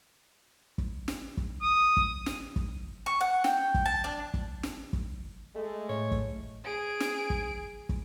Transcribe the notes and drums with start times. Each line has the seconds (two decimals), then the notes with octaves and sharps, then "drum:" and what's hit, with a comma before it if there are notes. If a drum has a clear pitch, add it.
0.78 drum: kick
1.08 drum: snare
1.37 drum: kick
1.62 D#6
1.97 drum: kick
2.26 drum: snare
2.56 drum: kick
3.06 C#6
3.21 F#5
3.44 G5, drum: snare
3.74 drum: kick
3.86 A5
4.04 D4
4.34 drum: kick
4.63 drum: snare
4.93 drum: kick
5.56 G#3 A3
5.89 A2 C#5
6.11 drum: kick
6.64 G#4 D7
7.00 drum: snare
7.30 drum: kick
7.89 drum: kick